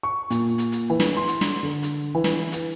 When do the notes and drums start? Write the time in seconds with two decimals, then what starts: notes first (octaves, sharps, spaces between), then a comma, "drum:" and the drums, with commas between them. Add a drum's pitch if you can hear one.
0.03 C#6
0.30 A#2, drum: hi-hat
0.58 drum: hi-hat
0.72 drum: hi-hat
0.90 E3
1.00 drum: snare
1.17 C6
1.27 drum: hi-hat
1.41 drum: snare
1.63 D3
1.83 drum: hi-hat
2.15 E3
2.24 drum: snare
2.52 drum: hi-hat